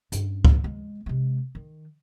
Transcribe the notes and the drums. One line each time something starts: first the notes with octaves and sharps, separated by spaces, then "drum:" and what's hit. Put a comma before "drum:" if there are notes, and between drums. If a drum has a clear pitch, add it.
G2 C#4, drum: hi-hat
drum: kick C#2
G#3
C3 G#3
D#3